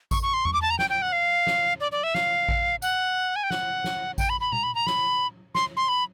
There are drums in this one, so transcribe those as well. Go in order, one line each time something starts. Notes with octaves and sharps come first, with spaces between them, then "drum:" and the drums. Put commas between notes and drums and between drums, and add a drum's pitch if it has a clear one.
C#6, drum: kick A1, tambourine
C#6
C6
C#6, drum: tom E2
D6
A5
A#5
G5, drum: snare
G5
F#5
F5
drum: snare
D5
D5
E5
F5, drum: snare
drum: kick A1
F#5, drum: tambourine
G#5
G5
F#5, drum: snare
drum: snare
G5, drum: kick A1, tambourine
B5
B5
A#5, drum: tom B2
B5
A#5
B5, drum: snare
C6, drum: snare
C6
B5